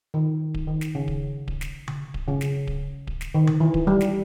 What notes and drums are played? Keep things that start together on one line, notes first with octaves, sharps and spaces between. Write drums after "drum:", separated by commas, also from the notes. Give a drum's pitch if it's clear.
D#3
drum: kick D1
D#3
drum: snare
C#3
drum: kick D1
drum: kick D1
drum: snare
drum: tom C#3
drum: kick D1
C#3
drum: snare
drum: kick D1
drum: kick D1
drum: snare
D#3
drum: tom C#3
E3
drum: kick D1
G3
drum: snare